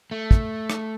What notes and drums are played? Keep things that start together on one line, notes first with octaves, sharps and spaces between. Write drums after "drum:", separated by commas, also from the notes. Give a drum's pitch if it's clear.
A3
drum: kick
drum: rim click